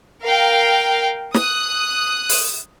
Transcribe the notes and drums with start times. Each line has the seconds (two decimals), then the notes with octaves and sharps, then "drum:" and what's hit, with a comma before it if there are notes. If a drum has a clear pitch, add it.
0.22 A#4 F5 G5
1.34 D#6 F#6, drum: snare
2.29 drum: open hi-hat